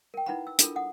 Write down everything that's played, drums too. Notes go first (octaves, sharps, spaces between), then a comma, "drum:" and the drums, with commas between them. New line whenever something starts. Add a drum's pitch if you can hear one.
A#4 G5
D#4 E4 B4 F#5 A#5 B5
E6
D4 E4 F4 A4 A#4, drum: hi-hat
F#5 D#6